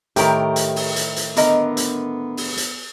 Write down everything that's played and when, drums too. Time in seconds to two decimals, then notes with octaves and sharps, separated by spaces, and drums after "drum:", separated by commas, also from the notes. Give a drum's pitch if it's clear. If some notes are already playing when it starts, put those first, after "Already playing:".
0.16 A2 D#3 G4 A#4, drum: hi-hat
0.56 drum: hi-hat
0.76 drum: open hi-hat
0.96 drum: hi-hat
1.16 drum: hi-hat
1.37 D3 B3 A#4 D#5, drum: hi-hat
1.77 drum: hi-hat
2.37 drum: open hi-hat
2.57 drum: hi-hat